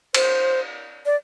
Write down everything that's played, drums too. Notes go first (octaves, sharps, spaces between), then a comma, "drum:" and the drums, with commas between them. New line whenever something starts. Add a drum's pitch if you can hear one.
C5, drum: cymbal
D5